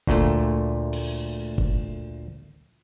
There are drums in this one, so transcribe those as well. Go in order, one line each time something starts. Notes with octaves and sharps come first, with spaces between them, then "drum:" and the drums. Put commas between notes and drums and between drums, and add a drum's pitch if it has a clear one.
D2 A#2 A3, drum: kick G1
drum: cymbal
drum: kick G1